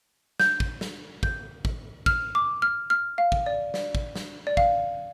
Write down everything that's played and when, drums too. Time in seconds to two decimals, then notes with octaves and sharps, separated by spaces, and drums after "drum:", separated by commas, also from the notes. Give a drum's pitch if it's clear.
0.40 G6, drum: snare
0.60 drum: kick
0.81 drum: snare
1.23 G6, drum: kick
1.65 drum: kick
2.06 F6, drum: kick
2.35 D6
2.62 F6
2.90 F6
3.18 F5
3.32 drum: kick
3.46 D5
3.74 D5, drum: snare
3.95 drum: kick
4.16 drum: snare
4.47 D5
4.57 F5, drum: kick